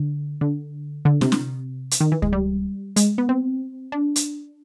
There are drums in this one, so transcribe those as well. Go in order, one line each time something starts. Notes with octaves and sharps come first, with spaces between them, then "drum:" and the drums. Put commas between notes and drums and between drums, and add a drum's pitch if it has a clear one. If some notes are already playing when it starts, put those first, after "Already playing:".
Already playing: D3
D3
D3
C3, drum: snare
drum: snare
drum: hi-hat
D#3
E3
G#3, drum: kick C#2
G3
G#3, drum: hi-hat
B3
C4
D4
drum: hi-hat